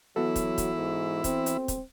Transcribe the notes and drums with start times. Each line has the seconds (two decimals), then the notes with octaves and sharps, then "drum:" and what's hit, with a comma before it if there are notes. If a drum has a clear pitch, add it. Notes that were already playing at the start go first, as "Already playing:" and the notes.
0.16 E3 F#3 B3 E4 F#4 A4
0.36 drum: kick, hi-hat
0.58 drum: kick, hi-hat
0.77 G#2
1.24 C4, drum: kick, hi-hat
1.46 drum: hi-hat
1.68 drum: kick, hi-hat